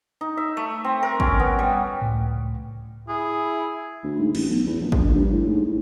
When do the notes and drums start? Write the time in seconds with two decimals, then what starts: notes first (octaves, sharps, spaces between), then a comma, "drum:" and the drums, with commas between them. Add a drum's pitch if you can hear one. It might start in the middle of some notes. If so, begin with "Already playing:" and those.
0.21 D#4
0.37 E5
0.57 A3
0.84 C4
1.03 A#4
1.20 C#4, drum: kick
1.39 B3
1.59 G3
2.01 C#2 A2
3.09 E4 G#4
4.04 D2
4.19 G#2
4.35 A1, drum: cymbal
4.50 B1
4.66 E2
4.80 A#1
4.92 A#1, drum: kick
5.04 A#1
5.15 G2
5.33 A2
5.48 G#2
5.66 A2